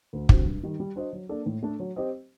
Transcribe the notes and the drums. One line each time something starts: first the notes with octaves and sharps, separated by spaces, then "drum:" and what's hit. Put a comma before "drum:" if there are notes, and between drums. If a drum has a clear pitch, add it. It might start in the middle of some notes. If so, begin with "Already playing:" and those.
D2
D3 G3 C4 F#4, drum: kick
G2
D#3 G3
G3
D4 F#4 C5 D#5
F#3
A#3 D4 A4 D5
A2
A3 D4 A4
F#3
C4 G4 C5 D#5